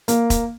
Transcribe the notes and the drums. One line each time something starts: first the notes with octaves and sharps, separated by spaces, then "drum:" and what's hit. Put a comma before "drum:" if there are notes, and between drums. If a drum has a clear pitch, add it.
A#3, drum: hi-hat
drum: kick E1, hi-hat